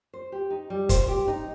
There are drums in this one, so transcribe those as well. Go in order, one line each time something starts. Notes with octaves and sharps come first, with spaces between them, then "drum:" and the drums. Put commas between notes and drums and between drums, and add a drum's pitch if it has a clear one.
C5
G4
D#4
G3
C5, drum: kick, hi-hat
G4
D#4